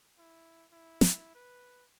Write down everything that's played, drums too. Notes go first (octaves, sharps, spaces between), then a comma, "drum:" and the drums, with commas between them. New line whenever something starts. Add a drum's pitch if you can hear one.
E4
E4
drum: snare
B4